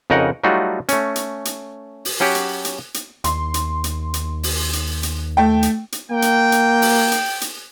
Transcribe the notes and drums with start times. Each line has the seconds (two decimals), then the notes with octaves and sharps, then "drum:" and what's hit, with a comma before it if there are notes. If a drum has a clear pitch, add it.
0.10 F2 C#3 D#4 A#4 D#5 F#5
0.44 F#3 G3 A3 D#4 F4 F#4
0.89 A3 C#4, drum: hi-hat
1.16 drum: hi-hat
1.45 drum: hi-hat
2.05 drum: open hi-hat
2.20 F#3 C#4 F#4 G4
2.35 drum: hi-hat
2.65 drum: hi-hat
2.94 drum: hi-hat
3.24 D#2 C6, drum: hi-hat
3.54 drum: hi-hat
3.84 drum: hi-hat
4.14 drum: hi-hat
4.43 drum: open hi-hat
4.73 drum: hi-hat
5.03 drum: hi-hat
5.37 A3 G5
5.63 drum: hi-hat
5.92 drum: hi-hat
6.11 A#3 G5
6.22 drum: hi-hat
6.52 drum: hi-hat
6.82 drum: open hi-hat
7.12 drum: hi-hat
7.41 drum: hi-hat